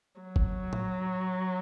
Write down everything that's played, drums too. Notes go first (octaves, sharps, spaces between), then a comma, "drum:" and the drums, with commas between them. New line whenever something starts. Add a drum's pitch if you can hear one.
F#3
drum: kick F#1
drum: tom A2